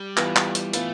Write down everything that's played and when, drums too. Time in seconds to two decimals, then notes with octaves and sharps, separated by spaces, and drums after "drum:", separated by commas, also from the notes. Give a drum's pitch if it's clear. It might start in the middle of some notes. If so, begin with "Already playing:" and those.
Already playing: G3
0.17 E3 B3 F4 B4, drum: clap
0.36 drum: clap
0.55 drum: hi-hat
0.73 E3 A3 B3 F4 B4, drum: hi-hat